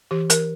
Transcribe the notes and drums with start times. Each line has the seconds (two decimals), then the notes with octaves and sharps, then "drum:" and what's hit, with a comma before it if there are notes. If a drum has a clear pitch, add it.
0.11 E3 G4
0.30 E3 A#4, drum: hi-hat